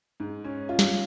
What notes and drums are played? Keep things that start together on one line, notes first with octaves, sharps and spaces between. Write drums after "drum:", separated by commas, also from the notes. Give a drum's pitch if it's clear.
G#2
C#4
F4
drum: snare